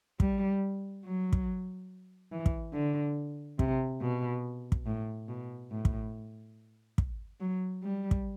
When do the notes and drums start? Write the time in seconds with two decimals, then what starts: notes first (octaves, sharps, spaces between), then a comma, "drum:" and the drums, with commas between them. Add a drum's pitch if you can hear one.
0.20 G3, drum: kick
1.05 F#3
1.33 drum: kick
2.32 E3
2.46 drum: kick
2.73 D3
3.59 C3, drum: kick
4.01 B2
4.72 drum: kick
4.86 A2
5.28 B2
5.71 A2
5.85 drum: kick
6.98 drum: kick
7.40 F#3
7.83 G3
8.11 drum: kick